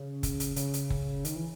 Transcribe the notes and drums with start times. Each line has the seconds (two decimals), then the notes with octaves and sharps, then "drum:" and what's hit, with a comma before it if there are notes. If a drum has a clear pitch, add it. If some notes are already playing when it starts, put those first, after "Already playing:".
Already playing: C#3
0.23 drum: kick F#1, hi-hat
0.40 drum: hi-hat
0.56 C#3, drum: hi-hat
0.74 drum: hi-hat
0.90 drum: kick F#1
1.25 D#3, drum: hi-hat
1.36 E3